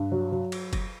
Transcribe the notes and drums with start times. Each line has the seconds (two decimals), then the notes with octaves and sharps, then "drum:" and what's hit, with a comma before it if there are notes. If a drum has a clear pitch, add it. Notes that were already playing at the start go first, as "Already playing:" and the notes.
Already playing: G2
0.12 F#3
0.32 F#3
0.52 drum: cymbal
0.73 drum: kick F#1, cymbal